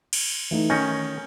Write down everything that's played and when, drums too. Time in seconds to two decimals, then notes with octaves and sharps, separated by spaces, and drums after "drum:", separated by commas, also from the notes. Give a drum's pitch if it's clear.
0.13 drum: cymbal
0.51 E3 A3 D#4
0.70 D#3 C#4 G6 A#6 C#7